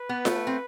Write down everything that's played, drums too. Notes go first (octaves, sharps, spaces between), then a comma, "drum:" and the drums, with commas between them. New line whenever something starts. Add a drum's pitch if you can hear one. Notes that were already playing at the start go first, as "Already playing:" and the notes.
Already playing: B4
B3
A3, drum: snare F4
C4